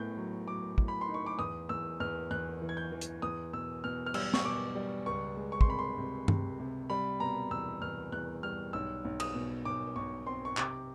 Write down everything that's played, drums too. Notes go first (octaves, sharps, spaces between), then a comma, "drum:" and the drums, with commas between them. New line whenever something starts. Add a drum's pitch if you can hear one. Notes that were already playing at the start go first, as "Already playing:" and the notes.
Already playing: A2 B3 G6
F#3
F#3 D6
A2, drum: kick
B5
C6
D#4
C#6
D6
E2 D#6
E2 E6
E2 F6
E2 F#6
E3
G#6
G6
E3
drum: hi-hat
E2 D#6
B2 E6
B2 F6
F6
G3 E6, drum: cymbal
C#6, drum: snare
B2 D6
G3
C#2 C#6
G#3
C#6
C6, drum: kick
C3 B5
C6
C3
C3, drum: tom G2
C3
G3 B5
B2 A#5
E2 E6
E2 F6
E2 F#6
G3 F6
B1 E6
B1
D#6, drum: cymbal
B2
B1 D6
B1 C#6
C4 C6
C#6
C3 D6, drum: clap